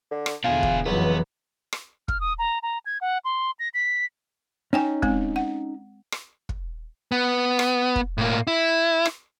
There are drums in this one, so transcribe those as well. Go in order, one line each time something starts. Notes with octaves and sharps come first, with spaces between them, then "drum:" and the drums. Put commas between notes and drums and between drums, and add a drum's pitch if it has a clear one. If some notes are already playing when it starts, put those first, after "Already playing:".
D3
drum: rim click
E2 B2 D3 F4 G#4
drum: kick
F1 C#2 E3 F#3 B3
drum: rim click
F6, drum: kick
D#6
A#5
A#5
G#6
F#5
C6
A#6
B6
C#4 D#4 C#5 G5 G#5
G#3 C4, drum: kick
F#5
drum: rim click
drum: kick
B3
drum: rim click
drum: kick
A2 A#3
E4
drum: rim click